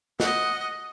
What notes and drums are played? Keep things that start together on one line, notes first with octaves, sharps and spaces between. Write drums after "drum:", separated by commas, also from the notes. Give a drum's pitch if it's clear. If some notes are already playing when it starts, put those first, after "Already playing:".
D#5 F#5, drum: snare